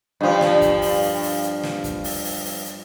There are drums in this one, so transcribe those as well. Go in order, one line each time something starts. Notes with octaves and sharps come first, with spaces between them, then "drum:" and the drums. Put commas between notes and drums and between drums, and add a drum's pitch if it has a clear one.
G2 F3
drum: snare
drum: kick, hi-hat
drum: open hi-hat
drum: open hi-hat
drum: open hi-hat
drum: hi-hat
drum: snare
drum: kick, hi-hat
drum: open hi-hat
drum: open hi-hat
drum: open hi-hat
drum: hi-hat